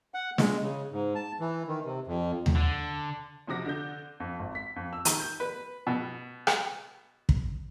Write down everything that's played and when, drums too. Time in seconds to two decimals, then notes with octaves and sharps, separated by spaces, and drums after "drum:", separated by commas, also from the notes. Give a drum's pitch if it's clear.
0.14 F#5
0.38 G#3, drum: snare
0.62 C#3
0.92 G#2
1.15 A5
1.40 E3
1.68 D#3
1.85 C3
2.07 F2
2.46 drum: tom D#2
2.56 D3
3.47 F1 C3 F3 F#4 D6 A#6
3.66 D3 G6
4.20 F2
4.39 G#1
4.55 B6
4.76 F2
4.93 E6
5.05 D#3, drum: hi-hat
5.20 G6
5.40 B4
5.87 B2
6.47 drum: rim click
7.29 drum: kick